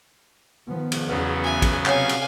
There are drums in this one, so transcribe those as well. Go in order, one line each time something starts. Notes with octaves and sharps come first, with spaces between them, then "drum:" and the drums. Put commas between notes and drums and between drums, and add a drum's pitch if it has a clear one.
D#3 F3 B3
drum: cymbal
E2 C#3 F#3 B3 B4
F#4 E5 G#5
drum: kick, cymbal
C3 B4 C#5 F5 F#5 G#5, drum: clap
drum: cymbal